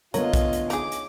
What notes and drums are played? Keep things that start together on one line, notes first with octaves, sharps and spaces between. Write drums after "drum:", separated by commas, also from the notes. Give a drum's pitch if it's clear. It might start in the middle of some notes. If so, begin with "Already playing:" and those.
D3 A3 B3 F4 A#4 C#5 D#5, drum: hi-hat
drum: kick, hi-hat
drum: hi-hat
D#4 G#4 D6, drum: hi-hat
drum: hi-hat